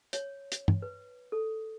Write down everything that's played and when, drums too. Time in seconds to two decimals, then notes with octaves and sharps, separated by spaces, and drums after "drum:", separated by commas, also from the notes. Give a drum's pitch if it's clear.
0.13 C#5, drum: hi-hat
0.52 drum: hi-hat
0.68 drum: tom G2
0.82 B4
1.32 A4